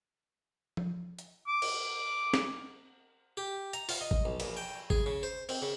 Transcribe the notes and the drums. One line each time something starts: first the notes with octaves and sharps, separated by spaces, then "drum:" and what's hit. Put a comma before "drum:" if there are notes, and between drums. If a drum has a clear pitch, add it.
drum: tom F3
drum: hi-hat
D6
drum: cymbal
drum: snare C4
G4
A#5, drum: hi-hat
F4, drum: open hi-hat
D#5
drum: kick G#1
B1
A#1, drum: cymbal
G5
G#4, drum: kick G#1
C#3
C5
C4, drum: cymbal
C#3